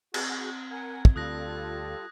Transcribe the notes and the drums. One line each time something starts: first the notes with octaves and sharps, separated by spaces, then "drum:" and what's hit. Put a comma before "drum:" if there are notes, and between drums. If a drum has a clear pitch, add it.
C4 F#4 G#4, drum: cymbal
A#4 F#5 G#5 G#6
drum: kick
D2 G3 F4 A4 D#6 F#6 A#6